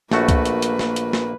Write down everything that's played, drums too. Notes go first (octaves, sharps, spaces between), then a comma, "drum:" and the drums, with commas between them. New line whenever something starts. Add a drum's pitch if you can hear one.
A#1 A3 A#3 F#4 B4, drum: snare
drum: kick C2, hi-hat
drum: hi-hat
drum: hi-hat
drum: snare
drum: hi-hat
drum: snare